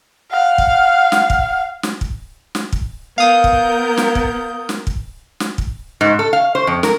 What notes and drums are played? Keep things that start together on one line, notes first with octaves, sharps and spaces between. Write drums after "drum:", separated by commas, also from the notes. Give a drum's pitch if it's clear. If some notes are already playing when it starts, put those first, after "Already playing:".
F5 F#5
drum: kick
drum: snare
drum: kick
drum: snare
drum: kick
drum: snare
drum: kick
B3 A#4 F5 D#6 G6
drum: kick
drum: snare
drum: kick
drum: snare
drum: kick
drum: snare
drum: kick
G#2
A4
F5
C5
F2
A#4, drum: snare